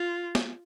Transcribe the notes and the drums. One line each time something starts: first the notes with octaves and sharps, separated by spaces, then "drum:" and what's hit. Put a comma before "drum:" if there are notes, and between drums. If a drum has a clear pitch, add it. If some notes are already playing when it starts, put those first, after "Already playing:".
Already playing: F4
drum: snare